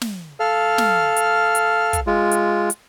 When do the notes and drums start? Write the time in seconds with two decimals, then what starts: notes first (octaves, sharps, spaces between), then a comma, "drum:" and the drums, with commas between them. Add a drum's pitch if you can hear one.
0.01 drum: snare
0.40 A4 F5 F6
0.78 drum: snare
1.16 drum: hi-hat
1.55 drum: hi-hat
1.93 drum: kick, hi-hat
2.07 G#3 F4
2.31 drum: hi-hat
2.70 drum: hi-hat